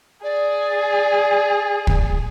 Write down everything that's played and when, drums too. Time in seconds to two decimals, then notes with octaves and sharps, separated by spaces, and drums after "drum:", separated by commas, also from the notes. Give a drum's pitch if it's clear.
0.23 G#4 D5
1.87 drum: kick